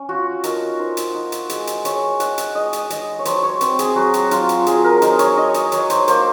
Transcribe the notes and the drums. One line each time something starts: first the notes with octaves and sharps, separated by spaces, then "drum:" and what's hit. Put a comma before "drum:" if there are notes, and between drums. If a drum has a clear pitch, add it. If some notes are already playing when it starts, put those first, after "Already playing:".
Already playing: C#4
F4 F#4
D#4 A#4, drum: hi-hat
D#4 C5
drum: hi-hat
D#4
drum: hi-hat
G#3, drum: hi-hat
drum: hi-hat
G#3 C#5, drum: hi-hat
D#4 F#5, drum: hi-hat
drum: hi-hat
G#3 D#5
drum: hi-hat
G#3 D#5, drum: hi-hat
C#5
F#3 C5, drum: hi-hat
C#5
C4 C5, drum: hi-hat
G#4, drum: hi-hat
F#3 F#4
drum: hi-hat
F#3 F4, drum: hi-hat
drum: hi-hat
F#3 G#4, drum: hi-hat
A#4
D#4 C5, drum: hi-hat
C#5, drum: hi-hat
D#4 D#5
D#5, drum: hi-hat
F#3 C#5, drum: hi-hat
C5, drum: hi-hat
A#3 C5, drum: hi-hat